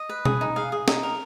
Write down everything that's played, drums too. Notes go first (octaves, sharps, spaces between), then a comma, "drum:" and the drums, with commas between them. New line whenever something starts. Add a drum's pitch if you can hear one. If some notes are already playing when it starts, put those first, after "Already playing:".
Already playing: D#5
B4
G#4, drum: tom B2
D#4
G#4 F5
G#4
D#4, drum: snare
A#4